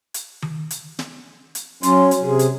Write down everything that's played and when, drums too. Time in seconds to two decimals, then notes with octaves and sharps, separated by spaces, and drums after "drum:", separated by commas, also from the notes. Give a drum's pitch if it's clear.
0.14 drum: hi-hat
0.42 drum: tom D#3
0.71 drum: hi-hat
0.99 drum: snare
1.55 drum: hi-hat
1.83 F#3 C#4 C6, drum: hi-hat
2.11 drum: hi-hat
2.22 C3 G#4
2.39 drum: hi-hat